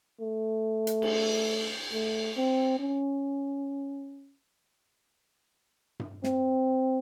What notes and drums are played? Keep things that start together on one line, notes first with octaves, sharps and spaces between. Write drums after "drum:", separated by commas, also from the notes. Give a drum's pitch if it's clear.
A3
drum: hi-hat
drum: cymbal
A3
C4
C#4
drum: tom G2
C4, drum: snare